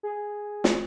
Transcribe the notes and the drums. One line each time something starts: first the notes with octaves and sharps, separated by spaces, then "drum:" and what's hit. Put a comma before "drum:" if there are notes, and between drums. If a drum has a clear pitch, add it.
G#4
drum: snare